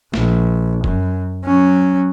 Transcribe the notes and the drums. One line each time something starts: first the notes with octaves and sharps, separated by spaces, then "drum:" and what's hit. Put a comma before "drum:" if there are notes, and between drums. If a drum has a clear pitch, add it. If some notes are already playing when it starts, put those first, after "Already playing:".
A#1, drum: snare A3
F#2, drum: kick F1
F#3 C#4